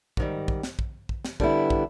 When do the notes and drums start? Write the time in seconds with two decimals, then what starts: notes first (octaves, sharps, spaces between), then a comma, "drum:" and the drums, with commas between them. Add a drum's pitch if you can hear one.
0.17 G#2 D#3 G3, drum: kick
0.48 drum: kick
0.63 drum: snare
0.79 drum: kick
1.09 drum: kick
1.25 drum: snare
1.40 D3 G3 B3 E4, drum: kick
1.70 drum: kick